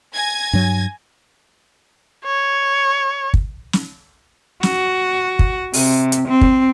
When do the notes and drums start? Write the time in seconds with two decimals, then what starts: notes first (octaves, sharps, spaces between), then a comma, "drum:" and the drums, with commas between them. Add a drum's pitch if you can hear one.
0.12 G#5 G#6 A#6
0.53 G2 F#3
2.26 C#5
3.34 drum: kick
3.73 drum: snare
4.63 F#4, drum: snare
5.39 drum: kick
5.73 C3, drum: open hi-hat
6.12 drum: hi-hat
6.27 C4
6.41 drum: kick